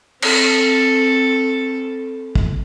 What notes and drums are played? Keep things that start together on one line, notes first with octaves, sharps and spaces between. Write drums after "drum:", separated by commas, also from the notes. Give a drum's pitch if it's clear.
C4 A4, drum: cymbal
drum: kick